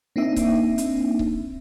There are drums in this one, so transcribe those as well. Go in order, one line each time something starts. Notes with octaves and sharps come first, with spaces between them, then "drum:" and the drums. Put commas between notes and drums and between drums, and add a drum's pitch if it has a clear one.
A#3 C4 D4 D#4 E5
drum: kick C#1, hi-hat
drum: hi-hat
drum: kick C#1